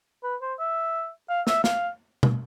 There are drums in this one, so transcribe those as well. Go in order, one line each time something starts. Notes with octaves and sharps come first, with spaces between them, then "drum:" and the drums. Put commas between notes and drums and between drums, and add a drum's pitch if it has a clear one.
B4
C5
E5
F5
E5, drum: snare
F5, drum: snare
drum: tom B2